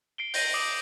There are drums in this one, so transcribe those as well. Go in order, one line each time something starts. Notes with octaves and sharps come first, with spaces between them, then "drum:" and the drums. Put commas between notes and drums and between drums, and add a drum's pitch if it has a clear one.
C7 D7 G7
G6 A#6 D#7, drum: open hi-hat
D6 D#6 D#7 F#7